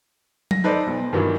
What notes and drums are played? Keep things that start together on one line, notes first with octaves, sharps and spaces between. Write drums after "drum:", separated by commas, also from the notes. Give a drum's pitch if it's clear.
A#6, drum: tom F#3
D#4 A4 B4 C5 D5
B1
G2 D#3 E3 F#3